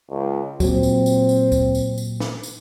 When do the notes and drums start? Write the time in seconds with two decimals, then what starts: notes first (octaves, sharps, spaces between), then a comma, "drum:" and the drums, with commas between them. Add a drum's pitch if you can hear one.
0.10 C#2
0.60 A#2 F#3 C4, drum: kick D2, tambourine
0.83 drum: tambourine
1.06 drum: tambourine
1.29 drum: tambourine
1.52 drum: kick D2, tambourine
1.75 drum: tambourine
1.98 drum: tambourine
2.20 drum: snare
2.43 drum: tambourine